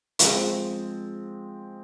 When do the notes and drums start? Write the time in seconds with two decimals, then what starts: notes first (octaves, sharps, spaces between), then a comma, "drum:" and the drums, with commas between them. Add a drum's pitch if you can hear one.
0.19 F3 G#3 C4, drum: hi-hat